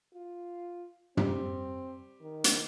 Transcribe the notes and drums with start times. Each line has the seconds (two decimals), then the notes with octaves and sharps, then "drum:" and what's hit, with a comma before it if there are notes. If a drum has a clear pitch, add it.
0.15 F4
1.17 G3 C4, drum: tom
2.21 D#3
2.44 drum: hi-hat